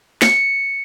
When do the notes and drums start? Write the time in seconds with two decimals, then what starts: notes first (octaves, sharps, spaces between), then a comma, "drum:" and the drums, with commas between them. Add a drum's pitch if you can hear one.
0.22 C#7, drum: snare